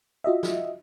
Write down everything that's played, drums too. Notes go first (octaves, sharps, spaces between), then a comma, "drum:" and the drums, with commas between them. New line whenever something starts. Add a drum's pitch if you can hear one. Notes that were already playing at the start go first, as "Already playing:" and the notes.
F4 F#4 D#5 E5
drum: snare